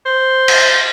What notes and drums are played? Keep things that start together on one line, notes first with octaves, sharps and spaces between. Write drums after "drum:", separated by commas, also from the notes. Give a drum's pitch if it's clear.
C5
drum: cymbal